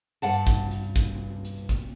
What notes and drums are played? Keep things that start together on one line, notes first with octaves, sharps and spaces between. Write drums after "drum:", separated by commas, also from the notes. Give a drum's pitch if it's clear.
G2 F#5 A5, drum: hi-hat
drum: kick, hi-hat
drum: hi-hat
drum: kick, hi-hat
drum: hi-hat
drum: kick, hi-hat